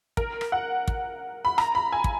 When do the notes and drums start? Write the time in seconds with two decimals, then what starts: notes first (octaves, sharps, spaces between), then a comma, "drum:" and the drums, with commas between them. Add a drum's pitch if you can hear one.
0.17 A#4, drum: kick
0.41 drum: rim click
0.52 F#5
0.88 drum: kick
1.45 B5
1.58 A#5, drum: rim click
1.75 B5
1.93 G#5
2.04 drum: kick